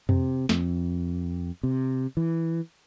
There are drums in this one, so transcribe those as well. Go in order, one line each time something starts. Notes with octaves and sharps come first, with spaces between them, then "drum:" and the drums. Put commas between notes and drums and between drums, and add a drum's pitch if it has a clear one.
C3, drum: tom F2
F2, drum: snare
C3
E3